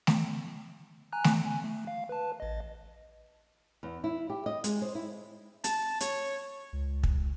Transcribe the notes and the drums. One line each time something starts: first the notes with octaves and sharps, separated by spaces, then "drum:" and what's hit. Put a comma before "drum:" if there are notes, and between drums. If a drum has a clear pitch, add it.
drum: snare A3
G#5 A#5 F#6
drum: snare A3
G#5
A3
F5
B4 A5
A1 D#5
E2
E4
G4
D#5
G#3, drum: hi-hat
C5
E4
A5, drum: hi-hat
C#5, drum: hi-hat
C#2
drum: kick